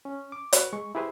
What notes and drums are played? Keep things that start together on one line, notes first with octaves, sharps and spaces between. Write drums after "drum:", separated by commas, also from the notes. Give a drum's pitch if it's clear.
C#4
D6
F#4 B4, drum: hi-hat
G#3 C#6
E4 G4 G#4 B4 C5